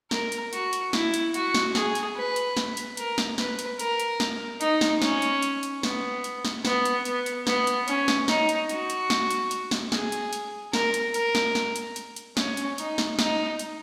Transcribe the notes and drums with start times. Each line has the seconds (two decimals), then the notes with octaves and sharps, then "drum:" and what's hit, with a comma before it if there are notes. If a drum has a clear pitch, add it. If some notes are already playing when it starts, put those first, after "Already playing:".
0.11 A#4, drum: snare
0.32 drum: hi-hat
0.53 F#4, drum: hi-hat
0.73 drum: hi-hat
0.93 E4, drum: snare
1.14 drum: hi-hat
1.34 F#4, drum: hi-hat
1.54 drum: snare
1.75 G#4, drum: snare
1.95 drum: hi-hat
2.16 B4
2.36 drum: hi-hat
2.57 drum: snare
2.77 drum: hi-hat
2.97 A#4, drum: hi-hat
3.18 drum: snare
3.38 B4, drum: snare
3.59 drum: hi-hat
3.79 A#4, drum: hi-hat
4.00 drum: hi-hat
4.20 drum: snare
4.61 D#4, drum: hi-hat
4.81 drum: snare
5.02 C#4, drum: snare
5.22 drum: hi-hat
5.43 drum: hi-hat
5.63 drum: hi-hat
5.83 B3, drum: snare
6.24 drum: hi-hat
6.45 drum: snare
6.65 B3, drum: snare
6.85 drum: hi-hat
7.05 B3, drum: hi-hat
7.26 drum: hi-hat
7.47 B3, drum: snare
7.67 drum: hi-hat
7.88 C#4, drum: hi-hat
8.08 drum: snare
8.28 D#4, drum: snare
8.49 drum: hi-hat
8.69 F#4, drum: hi-hat
8.90 drum: hi-hat
9.10 drum: snare
9.31 drum: hi-hat
9.51 drum: hi-hat
9.71 drum: snare
9.92 G#4, drum: snare
10.12 drum: hi-hat
10.33 drum: hi-hat
10.73 A#4, drum: snare
10.94 drum: hi-hat
11.14 A#4, drum: hi-hat
11.35 drum: snare
11.55 drum: snare
11.76 drum: hi-hat
11.96 drum: hi-hat
12.16 drum: hi-hat
12.37 C#4, drum: snare
12.57 drum: hi-hat
12.78 D#4, drum: hi-hat
12.98 drum: snare
13.19 D#4, drum: snare
13.59 drum: hi-hat